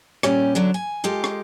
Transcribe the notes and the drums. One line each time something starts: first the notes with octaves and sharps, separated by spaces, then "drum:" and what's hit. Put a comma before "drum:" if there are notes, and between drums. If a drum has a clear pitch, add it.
A#2 G3 C#4 G4, drum: rim click
D3 F#3 D4
G#5
G#3 F4 G4 A4
drum: rim click